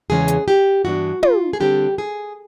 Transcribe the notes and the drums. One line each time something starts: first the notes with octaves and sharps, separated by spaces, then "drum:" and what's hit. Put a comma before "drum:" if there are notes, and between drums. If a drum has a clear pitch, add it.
E2 C#3 E3 G#3 C#4 G#4
drum: hi-hat
G4
G2 E3 G3 B3 D4 F#4
F4, drum: tom
G#4
D3 G3 C4 G4
G#4